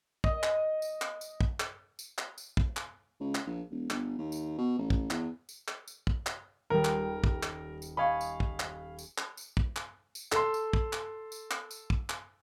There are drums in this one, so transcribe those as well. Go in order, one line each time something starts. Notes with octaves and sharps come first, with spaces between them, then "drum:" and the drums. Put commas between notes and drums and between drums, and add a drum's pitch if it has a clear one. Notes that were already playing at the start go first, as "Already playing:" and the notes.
D#5, drum: kick
drum: clap
drum: tambourine
drum: clap
drum: tambourine
drum: kick
drum: clap
drum: tambourine
drum: clap
drum: tambourine
drum: kick
drum: clap
C#2
drum: clap
A#1
E1
G1, drum: clap
D#2
drum: tambourine
B2
A1
drum: kick
E2, drum: clap
drum: tambourine
drum: clap
drum: tambourine
drum: kick
drum: clap
D#1 G3 A#4
drum: clap
drum: kick
drum: clap
drum: tambourine
D#5 F5 G#5 B5 C#6
drum: tambourine
drum: kick
drum: clap
drum: tambourine
drum: clap
drum: tambourine
drum: kick
drum: clap
drum: tambourine
A4 C6, drum: clap
drum: tambourine
drum: kick
drum: clap
drum: tambourine
drum: clap
drum: tambourine
drum: kick
drum: clap